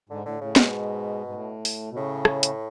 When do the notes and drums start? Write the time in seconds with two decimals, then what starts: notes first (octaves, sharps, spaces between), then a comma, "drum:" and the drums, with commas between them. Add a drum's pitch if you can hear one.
0.09 G#2 D3
0.25 A2 D3
0.41 A2 C#3
0.56 G#2 B2, drum: snare
1.26 G#2
1.34 A2
1.65 drum: open hi-hat
1.91 B2
1.95 A2 C#3
2.25 drum: rim click
2.43 drum: hi-hat